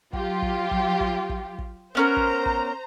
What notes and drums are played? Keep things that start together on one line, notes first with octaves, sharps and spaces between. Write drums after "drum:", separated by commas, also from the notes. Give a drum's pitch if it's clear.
F#3 F4 G4, drum: kick
drum: kick
drum: kick
drum: kick
drum: kick
drum: kick
B3 C#4 A#4 C5 A#5
drum: kick
drum: kick